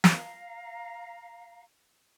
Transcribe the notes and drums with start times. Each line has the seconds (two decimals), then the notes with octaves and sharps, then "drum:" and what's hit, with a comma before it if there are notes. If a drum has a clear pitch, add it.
0.04 F5 A#5, drum: snare